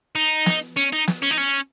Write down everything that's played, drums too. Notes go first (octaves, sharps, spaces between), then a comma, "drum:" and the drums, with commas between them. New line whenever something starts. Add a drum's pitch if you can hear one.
D#4
drum: snare
C#4
D#4
drum: snare
C#4
D#4
C#4